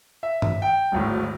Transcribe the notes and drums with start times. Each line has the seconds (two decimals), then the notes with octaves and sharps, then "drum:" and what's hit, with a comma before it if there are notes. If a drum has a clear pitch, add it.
0.23 E5
0.42 drum: tom G2
0.62 G5
0.92 D1 G#1 A2